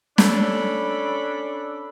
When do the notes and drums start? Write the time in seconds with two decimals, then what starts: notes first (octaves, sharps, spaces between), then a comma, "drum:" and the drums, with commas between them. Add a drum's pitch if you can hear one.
0.18 C#4 D4 A4 B5, drum: snare